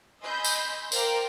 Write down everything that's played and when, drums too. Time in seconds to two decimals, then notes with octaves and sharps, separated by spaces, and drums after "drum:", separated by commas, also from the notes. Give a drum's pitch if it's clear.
0.22 D#5 G#5 B5 C6 E6 G6
0.44 drum: tambourine
0.92 A#4 C5 D5 F5 G5 A#5, drum: tambourine